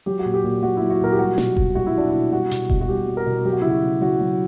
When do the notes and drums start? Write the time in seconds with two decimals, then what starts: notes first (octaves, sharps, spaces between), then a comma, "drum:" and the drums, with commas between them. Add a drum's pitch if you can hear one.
0.06 F#3 G4
0.19 F#4
0.25 A#2
0.34 G4
0.44 A#2
0.63 F#3 F#4
0.77 F#3 E4
0.90 F#4
1.01 A#2 A#4
1.12 G4
1.19 G3 F#4
1.38 B2, drum: snare
1.57 B2, drum: kick E1
1.75 G3 F#4
1.86 E4
1.94 G3 D4
2.09 B2 E4
2.32 G3 F#4
2.51 B2, drum: hi-hat
2.69 B2, drum: kick E1
2.81 F#4
2.89 G3 G4
3.07 G3
3.17 A#4
3.26 B2
3.45 F#3 G4
3.53 F#4
3.61 C#3 E4
3.69 F#4
3.83 C#3
4.01 F#3 F#4
4.20 F#3